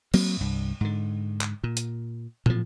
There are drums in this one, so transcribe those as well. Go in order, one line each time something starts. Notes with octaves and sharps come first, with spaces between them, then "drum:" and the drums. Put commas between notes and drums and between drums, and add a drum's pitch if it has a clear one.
F#3 A#3 C4, drum: cymbal
C2 G2
G#2 D3
drum: clap
A#2
drum: hi-hat
A2 F3, drum: tom